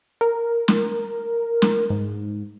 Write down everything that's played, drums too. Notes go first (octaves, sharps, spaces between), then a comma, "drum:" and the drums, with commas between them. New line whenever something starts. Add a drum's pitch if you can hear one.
A#4
drum: snare
drum: snare
G#2